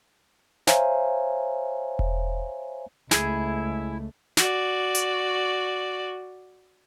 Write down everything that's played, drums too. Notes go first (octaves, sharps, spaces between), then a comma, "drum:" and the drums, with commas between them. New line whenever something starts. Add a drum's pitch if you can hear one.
C5 C#5 E5 F5 G#5 A#5, drum: snare
drum: kick E1
C#2 A3 E4 G#4, drum: snare
F#4 D5, drum: snare
drum: hi-hat